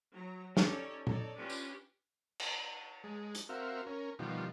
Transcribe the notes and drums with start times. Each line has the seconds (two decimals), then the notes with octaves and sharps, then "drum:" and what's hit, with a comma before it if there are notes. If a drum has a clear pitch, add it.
0.14 F#3 A#5
0.57 C#4 D#4 G4 A4 C#5 D5, drum: snare
1.07 D#4 A4 C#5 D5, drum: tom A#2
1.38 C#4 D4 F4 G4 B4
1.50 drum: tambourine
2.40 drum: cymbal
3.04 G#3
3.35 drum: hi-hat
3.49 C4 F#4 A#4 E5 F5
3.87 C#4 A#4
4.19 B2 D#3 F3 G3